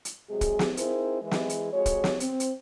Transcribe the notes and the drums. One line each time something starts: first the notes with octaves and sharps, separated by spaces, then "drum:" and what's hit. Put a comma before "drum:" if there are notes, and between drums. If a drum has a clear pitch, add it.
drum: hi-hat
C3 F#3 G#3 G#4
drum: kick, hi-hat
drum: snare
C4 D#4 E4 G#4 A#4 C5, drum: hi-hat
E3 G#3
drum: snare
drum: hi-hat
F2 G#3 F#4 C#5
drum: kick, hi-hat
drum: snare
C4, drum: hi-hat
drum: hi-hat